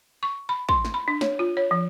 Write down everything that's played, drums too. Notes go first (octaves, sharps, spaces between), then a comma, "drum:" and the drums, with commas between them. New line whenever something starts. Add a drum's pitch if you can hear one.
C#6
B5
C6, drum: kick
drum: snare
B5
D4
C#5, drum: snare
F4
C#5
F3